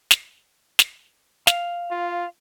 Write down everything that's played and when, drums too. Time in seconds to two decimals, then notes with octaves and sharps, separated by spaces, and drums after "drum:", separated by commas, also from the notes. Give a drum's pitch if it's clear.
0.11 drum: snare
0.79 drum: snare
1.47 F5, drum: snare
1.91 F4